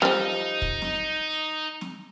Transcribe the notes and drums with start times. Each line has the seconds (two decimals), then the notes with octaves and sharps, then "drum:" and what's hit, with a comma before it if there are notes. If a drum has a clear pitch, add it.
0.02 F3 G3 D#4, drum: snare
0.62 drum: kick
0.82 drum: snare
1.81 drum: snare